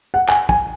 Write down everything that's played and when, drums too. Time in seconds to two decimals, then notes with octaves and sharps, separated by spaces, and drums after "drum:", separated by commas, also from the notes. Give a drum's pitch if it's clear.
0.14 F#5
0.29 G#5, drum: clap
0.49 G#5, drum: kick